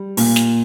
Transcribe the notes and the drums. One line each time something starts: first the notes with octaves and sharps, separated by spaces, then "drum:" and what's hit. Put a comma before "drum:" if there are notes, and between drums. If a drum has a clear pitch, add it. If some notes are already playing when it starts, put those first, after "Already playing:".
Already playing: G3
A#2, drum: open hi-hat
drum: snare